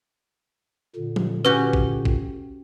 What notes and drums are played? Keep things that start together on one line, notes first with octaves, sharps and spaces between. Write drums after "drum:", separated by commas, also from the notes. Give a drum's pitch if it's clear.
A#2 D3
drum: tom F3
C#4 F#4 G4 B4
drum: kick A1
drum: kick A1